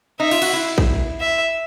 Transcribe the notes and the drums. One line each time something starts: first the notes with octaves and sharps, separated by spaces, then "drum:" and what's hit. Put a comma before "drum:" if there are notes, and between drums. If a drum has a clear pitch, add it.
D#4 E5
F4, drum: open hi-hat
F#4, drum: cymbal
E4
drum: kick
E5